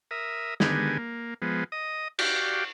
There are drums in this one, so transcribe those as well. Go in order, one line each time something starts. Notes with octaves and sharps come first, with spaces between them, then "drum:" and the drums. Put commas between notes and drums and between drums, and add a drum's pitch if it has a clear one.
A#4 E5 D#6
D3 D#3 G#3 B3 G4 G#5, drum: snare
A#3
F3 G#3 B3
D#5 D#6
F#4 G4 D5 F5 G5, drum: cymbal